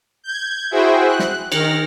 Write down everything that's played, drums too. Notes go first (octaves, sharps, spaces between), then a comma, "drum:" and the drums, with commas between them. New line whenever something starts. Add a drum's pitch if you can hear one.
G6 G#6
E4 F#4 G#4 C5 E5 G5
F#6
drum: snare
D#3 F6 A#6, drum: cymbal